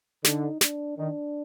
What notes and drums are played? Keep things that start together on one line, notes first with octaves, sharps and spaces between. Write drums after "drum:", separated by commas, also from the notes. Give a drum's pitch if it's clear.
D3 D#4, drum: snare
D4, drum: snare
D#3 D4